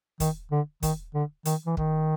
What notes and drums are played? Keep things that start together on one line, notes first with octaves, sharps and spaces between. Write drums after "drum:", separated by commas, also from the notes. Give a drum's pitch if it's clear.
D#3, drum: kick, hi-hat
D3
D#3, drum: kick, hi-hat
D3
D#3, drum: hi-hat
E3
D#3, drum: kick